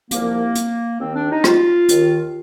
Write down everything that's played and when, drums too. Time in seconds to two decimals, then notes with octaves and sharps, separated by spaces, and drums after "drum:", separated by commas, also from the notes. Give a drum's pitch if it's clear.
0.11 C2 A#2 F3 A#3, drum: hi-hat
0.55 drum: hi-hat
0.99 D#2 D#3 C4
1.14 D4
1.30 D#4
1.44 F4, drum: rim click
1.89 D#2 D#3, drum: hi-hat